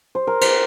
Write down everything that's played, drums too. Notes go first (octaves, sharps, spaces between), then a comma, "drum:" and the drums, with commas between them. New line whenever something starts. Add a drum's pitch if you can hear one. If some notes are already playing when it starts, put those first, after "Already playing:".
C5
A#4
C5, drum: cymbal